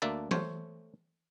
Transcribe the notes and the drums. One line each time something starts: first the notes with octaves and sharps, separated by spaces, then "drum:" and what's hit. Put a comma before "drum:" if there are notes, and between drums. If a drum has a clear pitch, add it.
D2 A#3 D4 E5 A5
A3 C5 C#5, drum: tom E3